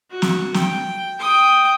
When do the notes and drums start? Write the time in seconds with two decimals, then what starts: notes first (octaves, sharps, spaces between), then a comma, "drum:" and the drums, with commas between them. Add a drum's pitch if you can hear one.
0.11 F#4
0.22 drum: snare
0.54 G5, drum: snare
1.19 G5 D#6